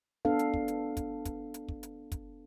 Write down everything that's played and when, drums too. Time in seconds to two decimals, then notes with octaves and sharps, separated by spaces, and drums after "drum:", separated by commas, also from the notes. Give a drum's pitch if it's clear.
0.25 B3 D4 A4 F5
0.39 drum: hi-hat
0.54 drum: kick
0.68 drum: hi-hat
0.97 drum: kick, hi-hat
1.25 drum: kick, hi-hat
1.54 drum: hi-hat
1.68 drum: kick
1.83 drum: hi-hat
2.12 drum: kick, hi-hat